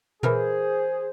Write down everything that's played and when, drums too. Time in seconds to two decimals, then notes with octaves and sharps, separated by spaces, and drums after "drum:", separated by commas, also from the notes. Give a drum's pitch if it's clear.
0.23 E3 G#4 A#4 C5, drum: tom A#2